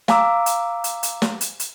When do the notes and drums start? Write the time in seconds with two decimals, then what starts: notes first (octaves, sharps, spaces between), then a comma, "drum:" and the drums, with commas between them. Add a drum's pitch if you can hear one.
0.08 F5 G#5 A#5 D6 E6, drum: snare
0.46 drum: hi-hat
0.84 drum: hi-hat
1.03 drum: hi-hat
1.22 drum: snare
1.41 drum: hi-hat
1.60 drum: hi-hat